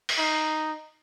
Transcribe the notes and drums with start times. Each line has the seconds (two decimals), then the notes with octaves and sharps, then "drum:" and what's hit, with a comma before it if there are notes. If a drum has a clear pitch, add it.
0.09 drum: open hi-hat
0.18 D#4